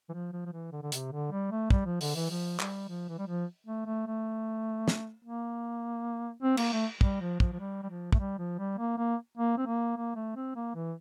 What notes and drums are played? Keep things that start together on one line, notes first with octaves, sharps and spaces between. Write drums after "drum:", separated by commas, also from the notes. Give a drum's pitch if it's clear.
E3
F3
F3
F3
E3
D3
D3
C3, drum: hi-hat
D3
G3
A3
G3, drum: kick
F3
D3, drum: open hi-hat
E3
F3
G3, drum: clap
F3
E3
G3
F3
A3
A3
A3
drum: snare
A#3
C4
A#3, drum: cymbal
A3
G3, drum: kick
F3
F3, drum: kick
F3
G3
G3
F3
A3, drum: kick
G3
F3
G3
A#3
A#3
A#3
C4
A#3
A#3
A3
C4
A#3
E3